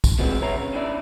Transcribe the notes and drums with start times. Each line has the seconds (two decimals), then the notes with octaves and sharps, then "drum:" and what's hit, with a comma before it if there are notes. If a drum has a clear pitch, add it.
0.04 drum: kick, tambourine
0.18 E2 B2 F3 G#3 B3 C4
0.42 B4 C#5 E5 A#5
0.58 C#3
0.73 C#4 D4 E4 D5